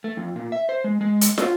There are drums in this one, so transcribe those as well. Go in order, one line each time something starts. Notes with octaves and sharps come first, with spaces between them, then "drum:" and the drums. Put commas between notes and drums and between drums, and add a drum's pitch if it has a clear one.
A3
F2
A#2
E5
C5
G#3
G#3
drum: hi-hat
F4, drum: snare